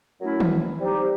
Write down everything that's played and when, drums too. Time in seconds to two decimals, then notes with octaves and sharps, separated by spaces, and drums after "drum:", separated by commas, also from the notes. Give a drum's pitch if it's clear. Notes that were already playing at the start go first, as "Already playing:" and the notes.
0.21 F#3 A3 C#4 E4
0.40 drum: tom D#3
0.80 G3 C4 D#4 G4